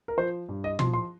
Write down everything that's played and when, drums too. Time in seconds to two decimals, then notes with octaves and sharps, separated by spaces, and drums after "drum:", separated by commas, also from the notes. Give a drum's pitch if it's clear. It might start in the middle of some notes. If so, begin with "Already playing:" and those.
0.08 A#4
0.17 F3 C5
0.49 G2
0.64 D#5
0.79 F3 C6, drum: tom
0.93 C6